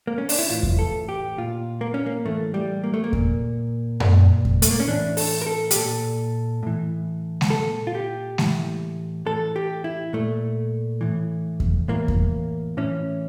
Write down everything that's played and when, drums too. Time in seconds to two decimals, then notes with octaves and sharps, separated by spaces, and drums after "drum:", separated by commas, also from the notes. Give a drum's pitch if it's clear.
0.07 A#3
0.18 C#4
0.29 D4, drum: open hi-hat
0.39 E4
0.49 A2 E3 F4
0.63 drum: kick E2
0.79 A4
1.09 G4
1.38 A#2 F4
1.81 A#3
1.94 C#4
2.06 A#3
2.25 A2 E3 A3
2.54 G3
2.84 A#3
2.94 A3
3.04 A#3
3.13 A#2, drum: kick E2
4.00 A#2, drum: tom F#2
4.45 drum: kick E2
4.62 A3, drum: hi-hat
4.71 A#3
4.80 C#4
4.87 A2 E3 D4
5.17 A4, drum: open hi-hat
5.42 A#4
5.47 A4
5.71 G4, drum: hi-hat
5.75 A#2 A4
6.63 A2 E3
7.41 drum: snare G#3
7.50 A#2 A4
7.87 F4
7.95 G4
8.38 A2 E3, drum: snare G#3
9.26 A2 E3 A4
9.56 G4
9.84 E4
10.13 A#2 A3
11.01 A2 E3
11.60 drum: kick E2
11.88 A2 E3 A#3
12.08 drum: kick E2
12.77 A2 E3 C#4